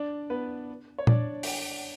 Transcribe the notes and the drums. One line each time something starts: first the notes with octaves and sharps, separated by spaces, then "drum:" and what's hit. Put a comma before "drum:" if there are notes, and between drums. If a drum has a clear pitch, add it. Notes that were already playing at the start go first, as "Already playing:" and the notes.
Already playing: D4 D5
B3 B4
C#5
D4 D5, drum: tom A#2
drum: open hi-hat